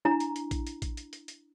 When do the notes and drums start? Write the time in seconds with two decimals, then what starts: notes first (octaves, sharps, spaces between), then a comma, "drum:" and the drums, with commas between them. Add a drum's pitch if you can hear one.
0.05 D4 E4 A#5
0.20 drum: hi-hat
0.36 drum: hi-hat
0.51 drum: kick A1, hi-hat
0.67 drum: hi-hat
0.82 drum: kick A1, hi-hat
0.97 drum: hi-hat
1.13 drum: hi-hat
1.28 drum: hi-hat